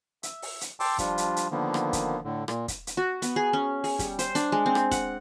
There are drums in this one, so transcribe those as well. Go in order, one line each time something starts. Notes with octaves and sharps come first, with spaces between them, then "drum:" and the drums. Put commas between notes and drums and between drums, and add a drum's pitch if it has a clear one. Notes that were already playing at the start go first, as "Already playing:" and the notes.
E5, drum: hi-hat
drum: open hi-hat
drum: hi-hat
G5 A5 C6 D6 E6, drum: open hi-hat
F3 G3 D4 F4, drum: kick, hi-hat
drum: hi-hat
drum: hi-hat
D3 D#3 F3 A#3 B3
drum: rim click
drum: kick, hi-hat
A2 D3
A#2, drum: rim click
drum: kick, hi-hat
drum: hi-hat
F#4
B3, drum: hi-hat
G#4
C#4
G#4, drum: open hi-hat
G3, drum: kick, hi-hat
C5, drum: hi-hat
D4, drum: hi-hat
G#3
C4
drum: rim click
F#5, drum: kick, hi-hat